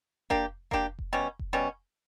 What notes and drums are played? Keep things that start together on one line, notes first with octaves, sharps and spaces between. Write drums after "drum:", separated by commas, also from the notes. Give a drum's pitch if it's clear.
A#3 D4 G4, drum: kick F1
A#3 D4 G4, drum: kick F1
drum: kick F1
B2 G3 C#4
drum: kick F1
B2 G3 C#4